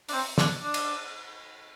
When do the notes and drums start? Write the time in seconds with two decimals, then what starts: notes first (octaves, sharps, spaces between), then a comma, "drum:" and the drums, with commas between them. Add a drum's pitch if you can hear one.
0.09 D4, drum: open hi-hat
0.12 C4
0.38 D4, drum: snare
0.63 D4
0.74 drum: cymbal